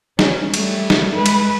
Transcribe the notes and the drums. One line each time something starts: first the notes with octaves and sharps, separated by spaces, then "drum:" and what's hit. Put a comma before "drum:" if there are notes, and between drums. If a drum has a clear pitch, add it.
C#4, drum: snare
G3 A3, drum: cymbal
drum: snare
G#3 B4
drum: cymbal